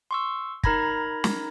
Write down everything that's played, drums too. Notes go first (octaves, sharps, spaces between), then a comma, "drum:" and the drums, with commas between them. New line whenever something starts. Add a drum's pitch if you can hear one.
C6 C#6 E6
D#4 A#4 A#5 B5 G#6 A#6, drum: kick
drum: snare